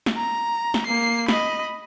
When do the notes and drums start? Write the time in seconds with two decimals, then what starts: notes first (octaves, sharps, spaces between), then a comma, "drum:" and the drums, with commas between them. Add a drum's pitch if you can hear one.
0.06 drum: snare
0.17 A#5
0.74 drum: snare
0.86 A#3 C7
1.28 D#5 B5, drum: snare